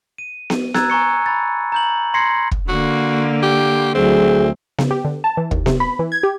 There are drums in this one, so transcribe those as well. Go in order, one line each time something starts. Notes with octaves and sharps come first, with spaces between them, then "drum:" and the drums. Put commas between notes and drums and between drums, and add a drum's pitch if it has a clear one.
D#7
drum: snare B3
A#5 E6 F#6 G#6 A6, drum: snare B3
G#5 A#5 C#6 C#7
B5 A6
A#5 G6 F#7
A#5 C6 G#6 A#6 C7 C#7
drum: kick
D3 A#3 F#4
G4
D2 F#3 C4 G#4
C#3, drum: snare B3
G4
D3
A5
E3
D#2, drum: kick
C3, drum: snare B3
B5
E3
G#6
G4